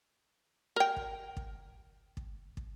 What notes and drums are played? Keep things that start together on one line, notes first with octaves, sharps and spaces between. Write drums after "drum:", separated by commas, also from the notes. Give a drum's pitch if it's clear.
A#4 G5
drum: kick
drum: kick
drum: kick
drum: kick